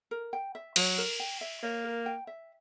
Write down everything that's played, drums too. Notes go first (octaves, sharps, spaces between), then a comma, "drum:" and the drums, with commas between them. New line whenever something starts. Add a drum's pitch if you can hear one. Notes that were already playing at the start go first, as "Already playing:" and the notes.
A#4
G5
E5
F#3 C#5, drum: cymbal
A#4
G5
E5
A#3 C#5
A#4
G5
E5